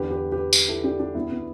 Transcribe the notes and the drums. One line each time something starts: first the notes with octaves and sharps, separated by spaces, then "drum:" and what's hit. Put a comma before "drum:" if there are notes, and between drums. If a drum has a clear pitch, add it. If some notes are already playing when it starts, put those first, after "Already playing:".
Already playing: E2 D3 G4 B4
G4 B4
G4 B4
drum: tambourine
E4 A4
D4 G4
D4 G4
D2 D3 B3 E4
B3